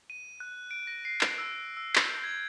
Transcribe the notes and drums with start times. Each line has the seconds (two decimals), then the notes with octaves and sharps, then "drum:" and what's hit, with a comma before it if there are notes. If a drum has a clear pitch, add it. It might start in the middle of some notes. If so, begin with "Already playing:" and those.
0.10 D#7
0.40 F#6
0.71 D7
0.87 A#6
1.05 C7
1.21 drum: clap
1.38 E6
1.77 E6
1.96 G6, drum: clap
2.24 G#6